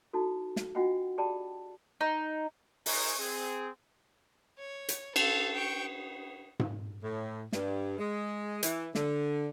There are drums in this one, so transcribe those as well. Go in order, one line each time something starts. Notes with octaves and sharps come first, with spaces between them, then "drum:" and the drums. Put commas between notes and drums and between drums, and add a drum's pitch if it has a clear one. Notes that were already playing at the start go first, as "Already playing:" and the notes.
D#4 E4 F#4 A4
drum: snare
D4 F4 F#4 D#5 F#5 G5
G4 G#4 D5 G5 A5 B5
D#4
D#4 G#4 A#4 C5 G#5 C#6, drum: open hi-hat
C4 G#4
C#5
drum: hi-hat
A4 F5, drum: cymbal
G5 C#6
drum: tom G#2
A2
G2, drum: snare
G#3
E3, drum: hi-hat
D3, drum: snare